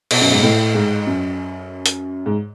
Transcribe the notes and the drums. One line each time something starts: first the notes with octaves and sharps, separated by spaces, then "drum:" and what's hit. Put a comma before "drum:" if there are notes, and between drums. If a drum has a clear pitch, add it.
B2, drum: cymbal
F#2
G#2
A2
G#2
F#2
drum: hi-hat
G#2